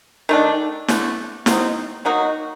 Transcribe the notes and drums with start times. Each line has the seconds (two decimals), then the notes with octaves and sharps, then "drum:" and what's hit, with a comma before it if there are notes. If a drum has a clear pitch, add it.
0.29 D#3 A3 D4
0.88 D3 A3 D4, drum: snare
1.46 F#3 C4 D#4, drum: snare
2.05 D#3 F#3 A#3 D#4 F#4